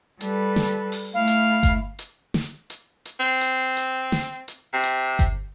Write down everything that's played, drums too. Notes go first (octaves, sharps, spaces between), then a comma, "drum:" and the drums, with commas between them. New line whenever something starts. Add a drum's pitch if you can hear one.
G3 A4 B4, drum: hi-hat
drum: snare
drum: open hi-hat
A3 E4 F5
drum: hi-hat
drum: kick G1, hi-hat
drum: hi-hat
drum: snare
drum: hi-hat
drum: hi-hat
C4
drum: hi-hat
drum: hi-hat
drum: snare
drum: hi-hat
C3
drum: hi-hat
drum: kick G1, hi-hat